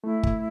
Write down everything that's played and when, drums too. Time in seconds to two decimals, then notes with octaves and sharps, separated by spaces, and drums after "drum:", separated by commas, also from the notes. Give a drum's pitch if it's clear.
0.04 A3 E4
0.23 drum: kick G1